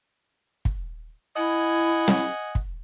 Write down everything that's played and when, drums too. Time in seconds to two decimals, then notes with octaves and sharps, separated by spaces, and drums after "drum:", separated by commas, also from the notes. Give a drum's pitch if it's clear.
0.65 drum: kick
1.36 E4 D#5 F#5 G#5
2.08 drum: snare
2.55 drum: kick